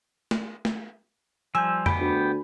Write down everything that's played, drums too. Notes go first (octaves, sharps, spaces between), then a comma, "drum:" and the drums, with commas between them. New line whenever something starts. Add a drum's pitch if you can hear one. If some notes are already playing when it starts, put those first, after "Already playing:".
drum: snare
drum: snare
F3 G3 G#5 E6 G6
B3 G4 G5 B5, drum: tom F2
D2